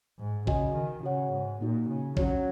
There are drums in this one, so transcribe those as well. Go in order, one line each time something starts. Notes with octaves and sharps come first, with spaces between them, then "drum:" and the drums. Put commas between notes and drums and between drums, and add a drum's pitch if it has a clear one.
G#2
C#3 F#4 D#5 G#5, drum: kick A#1
D#3
C#3 F#4 C#5 F#5
G#2
A#2 A#3 D#4 F#4
C#3
F#3 C#4 F#4 C#5, drum: kick A#1